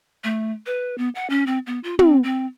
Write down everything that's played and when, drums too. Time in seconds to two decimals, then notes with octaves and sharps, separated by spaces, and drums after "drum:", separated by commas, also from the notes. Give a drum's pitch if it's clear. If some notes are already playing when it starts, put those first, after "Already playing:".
0.24 A3
0.66 B4
0.98 B3
1.15 F#5
1.30 C#4
1.47 C4
1.67 B3
1.84 F4
1.99 C4, drum: tom
2.23 C4